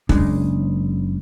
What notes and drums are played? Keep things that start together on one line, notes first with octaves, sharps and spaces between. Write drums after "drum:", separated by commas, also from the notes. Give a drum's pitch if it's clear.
F#1 C#3 G#3 D4, drum: kick